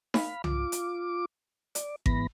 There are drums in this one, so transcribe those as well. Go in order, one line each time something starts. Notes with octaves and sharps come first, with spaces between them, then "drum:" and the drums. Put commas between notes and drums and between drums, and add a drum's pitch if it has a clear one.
F5 B5, drum: snare D#4
F4 D6, drum: tom C2
drum: hi-hat
D5, drum: hi-hat
G#2 E3 B3 B5 A#6, drum: kick G#1